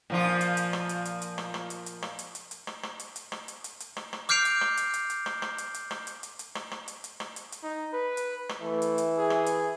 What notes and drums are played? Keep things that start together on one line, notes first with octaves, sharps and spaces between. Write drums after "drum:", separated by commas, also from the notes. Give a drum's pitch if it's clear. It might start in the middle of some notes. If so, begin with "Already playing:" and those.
A#2 F3 F4
drum: hi-hat
drum: hi-hat
drum: rim click
drum: hi-hat
drum: hi-hat
drum: hi-hat
drum: rim click
drum: rim click
drum: hi-hat
drum: hi-hat
drum: rim click
drum: hi-hat
drum: hi-hat
drum: hi-hat
drum: rim click
drum: rim click
drum: hi-hat
drum: hi-hat
drum: rim click
drum: hi-hat
drum: hi-hat
drum: hi-hat
drum: rim click
drum: rim click
D6 F6 G6 C7 D7 F7, drum: hi-hat
drum: hi-hat
drum: rim click
drum: hi-hat
drum: hi-hat
drum: hi-hat
drum: rim click
drum: rim click
drum: hi-hat
drum: hi-hat
drum: rim click
drum: hi-hat
drum: hi-hat
drum: hi-hat
drum: rim click
drum: rim click
drum: hi-hat
drum: hi-hat
drum: rim click
drum: hi-hat
drum: hi-hat
D#4
B4
drum: hi-hat
drum: rim click
E3 A3
drum: hi-hat
drum: hi-hat
G#4
drum: rim click
drum: hi-hat